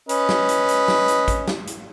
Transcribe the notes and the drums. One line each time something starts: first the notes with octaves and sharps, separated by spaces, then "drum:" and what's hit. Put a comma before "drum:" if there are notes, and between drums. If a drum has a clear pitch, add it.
C#4 B4 D#5, drum: hi-hat
drum: snare
drum: hi-hat
drum: hi-hat
drum: snare
drum: hi-hat
drum: kick A1, hi-hat
drum: snare
drum: hi-hat